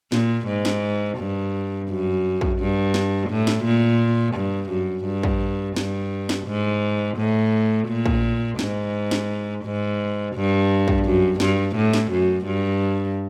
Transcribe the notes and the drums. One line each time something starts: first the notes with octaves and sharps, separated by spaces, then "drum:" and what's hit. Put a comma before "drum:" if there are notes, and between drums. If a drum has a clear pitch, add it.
A#2, drum: snare
G#2
drum: snare
G2
F#2
drum: kick
G2
drum: snare
A2
drum: snare
A#2
G2
F#2
G2
drum: kick
G2, drum: snare
drum: snare
G#2
A2
A#2
drum: kick
G#2, drum: snare
drum: snare
G#2
G2
drum: kick
F#2
G2, drum: snare
A2
drum: snare
F#2
G2